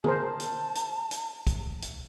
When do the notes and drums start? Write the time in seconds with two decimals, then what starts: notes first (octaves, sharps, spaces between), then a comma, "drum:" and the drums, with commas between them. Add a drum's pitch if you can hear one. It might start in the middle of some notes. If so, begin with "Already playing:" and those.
0.04 G#4 A#4 C5 A5, drum: tom D3
0.40 drum: hi-hat
0.75 drum: hi-hat
1.11 drum: hi-hat
1.47 drum: kick, hi-hat
1.82 drum: hi-hat